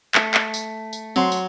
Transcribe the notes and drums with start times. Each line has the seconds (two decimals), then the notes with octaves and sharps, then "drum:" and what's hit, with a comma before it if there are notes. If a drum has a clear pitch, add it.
0.15 A3, drum: clap
0.34 drum: clap
0.54 drum: tambourine
0.93 drum: tambourine
1.16 F#3 C4 C6
1.32 drum: tambourine